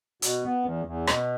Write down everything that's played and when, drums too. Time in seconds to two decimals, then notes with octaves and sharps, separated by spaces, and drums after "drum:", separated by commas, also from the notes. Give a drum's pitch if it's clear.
0.22 B2, drum: hi-hat
0.43 B3
0.64 E2
0.85 E2
1.07 B2, drum: rim click